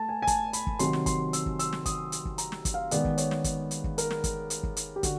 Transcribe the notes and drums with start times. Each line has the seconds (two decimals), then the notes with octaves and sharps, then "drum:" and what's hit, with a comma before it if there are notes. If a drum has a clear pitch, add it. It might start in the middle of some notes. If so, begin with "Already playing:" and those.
Already playing: A3 A5
0.09 G#5
0.22 G#5
0.27 A5, drum: kick, hi-hat
0.53 B5, drum: hi-hat
0.67 drum: kick
0.79 C3 D#3 F#3 C6, drum: hi-hat
0.93 drum: snare
1.06 C6, drum: kick, hi-hat
1.33 E6, drum: hi-hat
1.46 drum: kick
1.59 E6, drum: hi-hat
1.72 drum: snare
1.86 D#6, drum: kick, hi-hat
2.12 drum: hi-hat
2.25 drum: kick
2.38 A#5, drum: hi-hat
2.52 drum: snare
2.65 drum: kick, hi-hat
2.74 F5
2.91 D#3 G#3 B3 D5, drum: hi-hat
3.05 drum: kick
3.18 C#5, drum: hi-hat
3.31 drum: snare
3.44 drum: kick, hi-hat
3.71 drum: hi-hat
3.84 drum: kick
3.98 A#4, drum: hi-hat
4.10 drum: snare
4.24 drum: kick, hi-hat
4.50 drum: hi-hat
4.63 drum: kick
4.77 drum: hi-hat
4.96 G4
5.03 D3 F#4, drum: kick, hi-hat